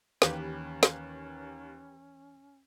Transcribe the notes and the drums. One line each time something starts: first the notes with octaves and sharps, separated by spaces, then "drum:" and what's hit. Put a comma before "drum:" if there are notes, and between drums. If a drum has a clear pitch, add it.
D#2 E3 C#4 G4 B4, drum: snare
drum: snare